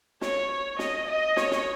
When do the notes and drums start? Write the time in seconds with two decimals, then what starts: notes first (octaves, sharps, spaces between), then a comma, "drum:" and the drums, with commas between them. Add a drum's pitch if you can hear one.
0.21 C#5, drum: snare
0.51 C#5
0.79 D#5, drum: snare
1.08 D#5
1.37 C#5, drum: snare
1.51 drum: snare